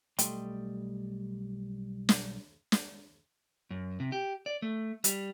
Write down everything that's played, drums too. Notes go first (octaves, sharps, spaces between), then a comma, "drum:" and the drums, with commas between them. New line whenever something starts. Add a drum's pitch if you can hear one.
B1 G3 A3 D#5 G5 C6, drum: hi-hat
drum: snare
drum: snare
F#2
C3
G4
D5
A3
G3, drum: hi-hat